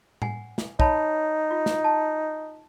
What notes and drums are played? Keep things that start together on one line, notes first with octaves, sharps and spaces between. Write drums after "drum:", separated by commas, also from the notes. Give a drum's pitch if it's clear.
F#5 G#5, drum: tom A2
drum: snare
D#4 C#5 A5 B5, drum: kick
F4
drum: snare
A5